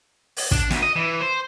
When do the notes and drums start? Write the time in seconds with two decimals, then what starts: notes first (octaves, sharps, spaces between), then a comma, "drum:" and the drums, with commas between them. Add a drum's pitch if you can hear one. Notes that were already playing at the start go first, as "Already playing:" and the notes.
0.37 drum: open hi-hat
0.51 D4, drum: kick
0.70 D2, drum: snare
0.83 D#5
0.96 E3
1.21 C5